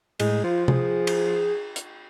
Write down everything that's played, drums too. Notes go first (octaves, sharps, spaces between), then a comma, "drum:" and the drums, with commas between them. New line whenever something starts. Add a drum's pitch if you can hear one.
A2 G#3, drum: cymbal
F3 F4
G#4, drum: tom C3
drum: cymbal
drum: hi-hat